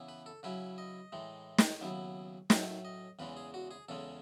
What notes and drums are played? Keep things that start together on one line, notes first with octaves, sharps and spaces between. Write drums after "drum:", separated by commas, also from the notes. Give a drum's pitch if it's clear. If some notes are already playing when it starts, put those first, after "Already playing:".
Already playing: C#3 E3 B3 E4
B4
A4
C#3 F#3 C#4 E4 B4
D#5
A2 E3 G#3
drum: snare
D#2 C#3 F#3 B3 E4
A2 F#3 A3 C#4, drum: snare
D#5
E2 C#3 E3 G#3 B4
G#4
F#4
G#4
E2 C#3 G#3 C#4 A4